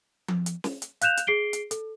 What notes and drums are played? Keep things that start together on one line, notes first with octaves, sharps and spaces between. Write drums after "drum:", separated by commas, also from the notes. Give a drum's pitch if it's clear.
drum: tom F3
drum: hi-hat
drum: snare
drum: hi-hat
F5 F#6 G6 E7 F7, drum: hi-hat
drum: hi-hat
G#4 C7 D7 G7
drum: hi-hat
A4, drum: hi-hat